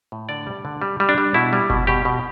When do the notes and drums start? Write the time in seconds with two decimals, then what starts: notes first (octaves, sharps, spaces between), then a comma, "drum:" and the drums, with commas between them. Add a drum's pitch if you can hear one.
0.12 A2
0.29 D3 D5
0.47 G3
0.65 D3
0.82 G3
1.00 G3
1.09 D4
1.18 G3
1.34 B2 E4
1.53 G3
1.70 B2, drum: kick F#1
1.87 B2 G4
2.05 B2